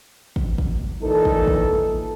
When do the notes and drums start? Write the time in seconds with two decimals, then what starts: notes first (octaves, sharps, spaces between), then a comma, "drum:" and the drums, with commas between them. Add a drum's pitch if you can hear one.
0.36 drum: kick
0.58 drum: kick
1.03 A#2 E3 D#4 A4
1.25 drum: kick
1.48 drum: kick